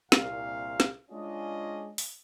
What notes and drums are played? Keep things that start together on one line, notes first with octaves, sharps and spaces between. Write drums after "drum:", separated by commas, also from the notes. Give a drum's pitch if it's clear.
C2 A#2 F5, drum: snare
drum: snare
G#3 C#4 D4 F4 G#4 D#5
drum: open hi-hat